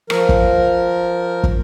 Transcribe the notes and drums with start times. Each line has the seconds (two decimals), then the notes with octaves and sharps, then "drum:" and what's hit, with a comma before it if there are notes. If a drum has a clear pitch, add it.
0.10 F3 A#4, drum: rim click
0.29 drum: kick
1.44 drum: kick